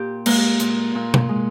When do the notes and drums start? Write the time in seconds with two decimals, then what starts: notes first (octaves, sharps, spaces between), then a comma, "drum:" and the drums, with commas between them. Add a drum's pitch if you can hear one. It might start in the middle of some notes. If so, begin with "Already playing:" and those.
Already playing: A#2 G4
0.26 G#3 A#3, drum: cymbal
0.60 A#2, drum: hi-hat
0.95 A#2
1.14 drum: tom
1.29 G#3